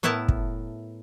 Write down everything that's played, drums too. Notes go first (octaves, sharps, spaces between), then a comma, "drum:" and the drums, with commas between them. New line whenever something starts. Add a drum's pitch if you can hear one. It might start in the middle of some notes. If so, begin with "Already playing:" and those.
A2 B3 E4 A#4 A5
drum: kick